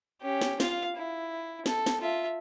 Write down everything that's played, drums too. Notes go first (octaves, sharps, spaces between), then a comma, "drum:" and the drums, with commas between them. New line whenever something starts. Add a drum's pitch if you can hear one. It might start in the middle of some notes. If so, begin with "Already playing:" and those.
C#4 G4
drum: snare
F4 F5, drum: snare
E4
A4, drum: snare
drum: snare
F4 E5